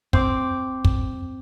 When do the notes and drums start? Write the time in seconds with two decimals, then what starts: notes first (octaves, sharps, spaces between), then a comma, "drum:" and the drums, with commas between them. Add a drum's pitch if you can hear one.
0.13 C4 D6, drum: kick
0.85 drum: kick